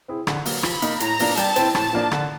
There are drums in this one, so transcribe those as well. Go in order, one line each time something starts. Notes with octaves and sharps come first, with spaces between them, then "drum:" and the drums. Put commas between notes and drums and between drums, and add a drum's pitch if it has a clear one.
C4 E4 G#4
D3, drum: rim click
F#3 A#3, drum: open hi-hat
F3 B5, drum: rim click
A#3 D#4, drum: hi-hat
A2 A#5, drum: hi-hat
F3 A#3 D4, drum: open hi-hat
G3 A5, drum: hi-hat
C4 E4, drum: hi-hat
A2 A5, drum: rim click
F3 A#3 D4
D3, drum: rim click